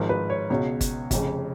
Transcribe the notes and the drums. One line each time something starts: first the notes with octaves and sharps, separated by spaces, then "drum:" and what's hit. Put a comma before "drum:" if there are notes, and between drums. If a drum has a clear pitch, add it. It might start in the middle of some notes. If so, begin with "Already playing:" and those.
Already playing: G#1 G#2 F3 A#4
B4
C#5
C#2 B2 C#5
drum: kick G1, hi-hat
F1 F2 C#3, drum: kick G1, hi-hat